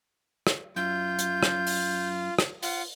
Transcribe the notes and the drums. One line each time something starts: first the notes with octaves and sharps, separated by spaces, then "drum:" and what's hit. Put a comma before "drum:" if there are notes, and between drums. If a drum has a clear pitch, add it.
drum: rim click
F#2 F4 G6
drum: hi-hat
drum: rim click
drum: open hi-hat
drum: rim click
F4 F#5, drum: open hi-hat